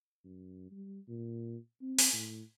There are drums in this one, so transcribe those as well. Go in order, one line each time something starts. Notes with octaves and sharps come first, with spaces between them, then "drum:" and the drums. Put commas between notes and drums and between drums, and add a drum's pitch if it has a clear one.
F#2
G3
A#2
C4
drum: open hi-hat
A2